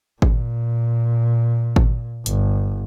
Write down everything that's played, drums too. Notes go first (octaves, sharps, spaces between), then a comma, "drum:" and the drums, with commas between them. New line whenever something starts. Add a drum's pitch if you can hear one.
A#2, drum: kick G#1
drum: kick G#1
G1, drum: hi-hat